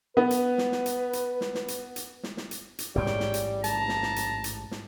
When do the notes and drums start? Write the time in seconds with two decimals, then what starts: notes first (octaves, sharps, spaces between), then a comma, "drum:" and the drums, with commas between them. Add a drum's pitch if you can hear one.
0.17 B3 B4
0.31 drum: hi-hat
0.58 drum: snare
0.72 drum: snare
0.86 drum: hi-hat
1.13 drum: hi-hat
1.41 drum: snare
1.55 drum: snare
1.68 drum: hi-hat
1.96 drum: hi-hat
2.23 drum: snare
2.37 drum: snare
2.51 drum: hi-hat
2.79 drum: hi-hat
2.95 A1 G#2 G3 G#3 G#4 C#5 G5
3.06 drum: snare
3.20 drum: snare
3.34 drum: hi-hat
3.64 F#1 G2 A5 A#5, drum: hi-hat
3.89 drum: snare
4.03 drum: snare
4.16 drum: hi-hat
4.44 drum: hi-hat
4.71 drum: snare